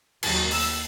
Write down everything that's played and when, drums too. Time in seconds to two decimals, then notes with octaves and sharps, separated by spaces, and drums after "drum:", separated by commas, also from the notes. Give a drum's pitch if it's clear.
0.23 D#2 D#3 F#3, drum: cymbal
0.51 E6, drum: open hi-hat